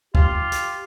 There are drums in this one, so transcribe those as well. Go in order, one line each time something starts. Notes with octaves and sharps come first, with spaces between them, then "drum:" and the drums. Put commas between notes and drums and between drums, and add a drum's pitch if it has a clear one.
F4 G4, drum: kick
drum: hi-hat